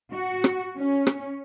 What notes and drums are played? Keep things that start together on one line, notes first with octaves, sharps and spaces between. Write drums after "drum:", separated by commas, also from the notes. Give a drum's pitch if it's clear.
F#4
drum: rim click
C#4
drum: rim click